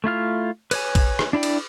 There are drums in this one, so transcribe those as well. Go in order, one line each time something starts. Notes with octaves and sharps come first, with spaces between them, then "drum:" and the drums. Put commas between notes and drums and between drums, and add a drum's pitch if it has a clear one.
A3 E4 F4 F6
B4 C#5 G#5, drum: cymbal
drum: kick, cymbal
drum: rim click
D4 E4 D5 G5
drum: cymbal